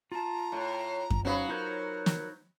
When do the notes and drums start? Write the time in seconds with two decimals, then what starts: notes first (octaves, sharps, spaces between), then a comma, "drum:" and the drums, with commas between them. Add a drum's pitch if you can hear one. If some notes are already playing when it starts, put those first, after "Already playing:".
0.12 F4 A5 A#5
0.52 A2
1.10 drum: kick F#2
1.25 F#3 C#4 D#4 B4 C5 F5
1.49 D#4 F4 A#4 C5 C#5
2.06 drum: snare